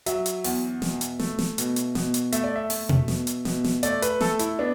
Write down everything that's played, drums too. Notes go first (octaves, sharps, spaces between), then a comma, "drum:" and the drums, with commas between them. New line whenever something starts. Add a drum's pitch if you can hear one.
F#3 E5, drum: hi-hat
drum: hi-hat
E2, drum: open hi-hat
B2, drum: snare
drum: hi-hat
A3, drum: snare
drum: snare
B2, drum: hi-hat
drum: hi-hat
B2, drum: snare
drum: hi-hat
A3 E5, drum: hi-hat
D5
E5
A3, drum: open hi-hat
drum: tom B2
B2, drum: snare
drum: hi-hat
B2, drum: snare
drum: snare
A3 D5, drum: hi-hat
B4, drum: hi-hat
A3 A4, drum: snare
E4, drum: hi-hat
B3 D4